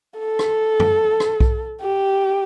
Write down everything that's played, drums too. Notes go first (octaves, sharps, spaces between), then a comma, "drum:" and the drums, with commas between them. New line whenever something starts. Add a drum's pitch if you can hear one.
A4
drum: rim click
drum: tom F#2
drum: rim click
drum: kick B1
G4